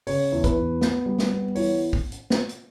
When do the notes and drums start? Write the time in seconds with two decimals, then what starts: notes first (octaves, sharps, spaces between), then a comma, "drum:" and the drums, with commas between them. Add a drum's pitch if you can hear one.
0.07 C#3 C#5, drum: open hi-hat
0.32 E2
0.44 B4, drum: kick, hi-hat
0.56 E2
0.81 B3, drum: snare
1.06 G3
1.18 drum: snare
1.31 B3
1.55 E3 C#5, drum: open hi-hat
1.93 drum: kick
2.12 drum: hi-hat
2.30 drum: snare
2.49 drum: hi-hat